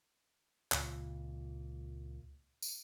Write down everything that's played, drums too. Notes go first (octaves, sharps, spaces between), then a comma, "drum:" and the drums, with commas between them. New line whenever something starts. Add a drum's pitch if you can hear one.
C#2 A#2, drum: clap
drum: tambourine